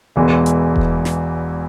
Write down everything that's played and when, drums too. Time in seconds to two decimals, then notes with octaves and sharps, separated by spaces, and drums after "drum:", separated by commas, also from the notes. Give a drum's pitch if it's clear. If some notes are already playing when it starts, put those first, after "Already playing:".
0.16 E1 E2 E3 G#3
0.46 drum: hi-hat
0.76 drum: kick E1
1.05 drum: snare